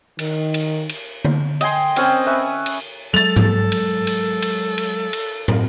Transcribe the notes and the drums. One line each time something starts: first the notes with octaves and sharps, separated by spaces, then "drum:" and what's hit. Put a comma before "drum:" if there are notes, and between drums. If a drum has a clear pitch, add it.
D#3, drum: cymbal
drum: cymbal
drum: cymbal
drum: tom D3
D#5 G5 G#5 C6, drum: cymbal
C4 C#4 C5, drum: cymbal
C#4 B4 E5
drum: cymbal
F#3 G#3 A4 A6 F7
drum: tom G#2
drum: cymbal
drum: cymbal
drum: cymbal
drum: cymbal
drum: cymbal
drum: tom